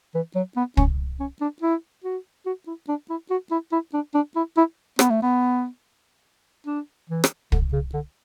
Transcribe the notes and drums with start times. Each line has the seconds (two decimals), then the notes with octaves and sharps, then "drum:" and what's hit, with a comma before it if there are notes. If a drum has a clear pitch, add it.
0.15 E3
0.36 F#3
0.57 B3
0.77 C#4, drum: kick
1.20 C#4
1.41 D4
1.62 E4
2.04 F#4
2.46 F#4
2.67 E4
2.88 D4
3.10 E4
3.31 F#4
3.51 E4
3.72 E4
3.94 D4
4.15 D4
4.36 E4
4.57 E4
4.99 B3, drum: rim click
5.10 A3
5.23 B3
6.67 D4
7.10 E3
7.24 drum: rim click
7.52 D3, drum: kick
7.73 C#3
7.94 D3